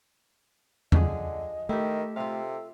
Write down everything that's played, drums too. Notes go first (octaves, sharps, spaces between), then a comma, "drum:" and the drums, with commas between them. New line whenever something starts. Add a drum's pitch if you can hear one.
D3 F3 G#4 D#5, drum: tom E2
D#3 A3 E4 G4
C3 F4 A4 F5